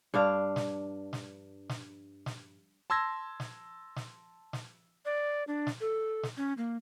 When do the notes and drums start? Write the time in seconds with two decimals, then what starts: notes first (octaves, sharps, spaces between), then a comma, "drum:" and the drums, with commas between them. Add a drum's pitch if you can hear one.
0.14 G2 D4 F5
0.56 drum: snare
1.13 drum: snare
1.69 drum: snare
2.26 drum: snare
2.90 A5 C6 E6 G#6 A#6
3.40 drum: snare
3.96 drum: snare
4.53 drum: snare
5.05 D5
5.47 D4
5.67 drum: snare
5.81 A4
6.23 drum: snare
6.37 C#4
6.57 A#3